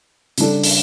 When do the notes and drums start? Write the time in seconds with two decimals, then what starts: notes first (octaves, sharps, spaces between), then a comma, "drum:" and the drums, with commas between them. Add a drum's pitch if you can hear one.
0.38 C#3 G3 D4 A4, drum: hi-hat
0.64 drum: open hi-hat